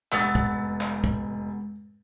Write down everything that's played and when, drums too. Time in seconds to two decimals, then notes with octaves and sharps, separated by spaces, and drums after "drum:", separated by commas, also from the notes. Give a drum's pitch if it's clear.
0.12 F1 G#3 B3 E6 A6, drum: clap
0.35 drum: kick
0.81 drum: clap
1.04 drum: kick